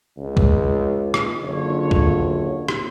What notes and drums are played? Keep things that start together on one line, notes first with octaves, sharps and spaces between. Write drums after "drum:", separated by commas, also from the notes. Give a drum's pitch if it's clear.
C#2
drum: kick
drum: rim click
F#1 D3 F4 C#5
drum: kick
drum: rim click